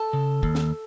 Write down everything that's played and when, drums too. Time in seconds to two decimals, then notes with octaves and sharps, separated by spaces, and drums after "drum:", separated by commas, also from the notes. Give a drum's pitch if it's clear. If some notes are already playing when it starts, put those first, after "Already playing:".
Already playing: A4 A5
0.13 C#3
0.43 D#2, drum: kick
0.55 drum: snare